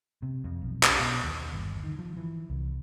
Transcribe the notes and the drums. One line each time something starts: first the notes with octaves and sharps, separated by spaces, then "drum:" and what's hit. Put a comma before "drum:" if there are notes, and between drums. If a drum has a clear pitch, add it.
C3
F2
B1
drum: clap
B2
D#2
G1
D#3
F3
E3
C2